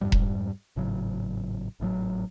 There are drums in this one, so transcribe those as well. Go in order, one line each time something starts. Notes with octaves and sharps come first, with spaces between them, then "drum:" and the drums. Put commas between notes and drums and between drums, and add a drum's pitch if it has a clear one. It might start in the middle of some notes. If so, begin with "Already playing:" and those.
F2 G#2 G3
drum: kick E1
G#1 A2 C#3 F#3
G#1 A2 D#3 F#3